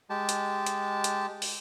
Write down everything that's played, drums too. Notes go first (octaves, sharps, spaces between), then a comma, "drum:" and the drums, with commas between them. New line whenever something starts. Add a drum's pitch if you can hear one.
G#3 G4 A5
drum: hi-hat
drum: hi-hat
drum: hi-hat
drum: open hi-hat